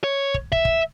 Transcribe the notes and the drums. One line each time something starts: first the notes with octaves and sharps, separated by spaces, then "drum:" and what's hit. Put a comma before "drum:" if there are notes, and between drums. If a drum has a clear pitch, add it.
C#5
drum: kick
E5, drum: kick
drum: kick